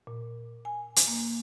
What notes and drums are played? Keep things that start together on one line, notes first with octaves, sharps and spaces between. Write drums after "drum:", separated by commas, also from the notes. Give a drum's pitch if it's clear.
A#2
G#5
drum: hi-hat
A#3